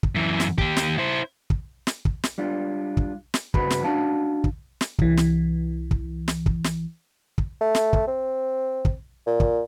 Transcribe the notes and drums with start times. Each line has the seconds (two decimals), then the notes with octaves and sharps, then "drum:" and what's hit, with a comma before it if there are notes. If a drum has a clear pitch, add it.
0.03 drum: kick
0.15 F#2 E3
0.40 drum: snare
0.58 D#2 G4, drum: kick
0.77 drum: snare
0.98 E4 C5
1.50 drum: kick
1.87 drum: snare
2.05 drum: kick
2.23 drum: snare
2.38 G3 D4 F4
2.97 drum: kick
3.34 drum: snare
3.54 G2 C#3 F#4 B4 B5, drum: kick
3.70 drum: snare
3.84 C#4 D4 F#4 F5 A5
4.44 drum: kick
4.81 drum: snare
4.99 C2 E3, drum: kick
5.17 drum: snare
5.91 drum: kick
6.28 drum: snare
6.46 drum: kick
6.64 drum: snare
7.38 drum: kick
7.61 A3
7.75 drum: snare
7.93 drum: kick
8.07 C4
8.85 drum: kick
9.27 A#2
9.40 drum: kick